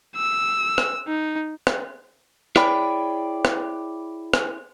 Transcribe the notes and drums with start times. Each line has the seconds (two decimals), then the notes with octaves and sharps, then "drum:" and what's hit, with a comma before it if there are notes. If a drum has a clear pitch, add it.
0.16 E6
0.78 drum: rim click
1.08 D#4
1.67 drum: rim click
2.56 E4 G#4 C#5 D5 G5 B5, drum: rim click
3.45 drum: rim click
4.34 drum: rim click